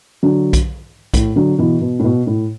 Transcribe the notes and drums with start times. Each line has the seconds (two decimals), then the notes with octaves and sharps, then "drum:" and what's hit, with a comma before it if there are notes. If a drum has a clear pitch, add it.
0.23 D3 F#3
0.53 drum: kick B1, hi-hat
1.14 A2, drum: kick B1, hi-hat
1.36 D3 F#3
1.58 B2 E3
1.81 B2
1.99 A2
2.04 B2
2.27 A2